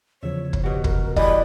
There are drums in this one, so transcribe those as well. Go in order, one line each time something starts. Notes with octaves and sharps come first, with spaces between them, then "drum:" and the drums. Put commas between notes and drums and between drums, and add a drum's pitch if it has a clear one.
E2 C#3 F3 C#5 E5
drum: kick
B2 F#4 G4
A#4, drum: kick
E3 G3 G4 D#5 B5, drum: kick